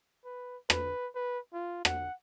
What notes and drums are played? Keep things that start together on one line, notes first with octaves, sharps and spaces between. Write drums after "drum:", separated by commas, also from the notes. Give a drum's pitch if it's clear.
B4
B4, drum: rim click
B4
F4
F#5, drum: rim click